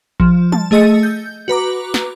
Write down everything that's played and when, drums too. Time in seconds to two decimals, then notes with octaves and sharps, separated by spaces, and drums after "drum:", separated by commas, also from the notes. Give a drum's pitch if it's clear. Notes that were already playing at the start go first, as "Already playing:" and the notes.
0.20 F3, drum: kick A#1
0.52 A5, drum: tom G3
0.71 A3 G#4 D#5 E6 A6 C#7
1.03 G6
1.48 F#4 B4 A#5 D6
1.94 drum: snare